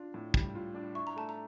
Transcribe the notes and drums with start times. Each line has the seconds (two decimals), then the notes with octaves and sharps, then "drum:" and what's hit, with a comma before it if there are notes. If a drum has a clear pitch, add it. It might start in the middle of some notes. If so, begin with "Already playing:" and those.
Already playing: D4 F4
0.14 A2
0.34 G3, drum: kick
0.55 F4
0.74 D4
0.95 E4 C#6
1.07 A#5
1.16 A3 A5
1.29 A#5